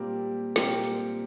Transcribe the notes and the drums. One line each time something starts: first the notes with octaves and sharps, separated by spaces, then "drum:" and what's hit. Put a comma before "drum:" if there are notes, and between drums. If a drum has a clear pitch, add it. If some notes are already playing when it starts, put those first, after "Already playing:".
Already playing: A#2 G3 C4 G4 A#4
A#2 G3 C4 G4 A#4, drum: snare
drum: hi-hat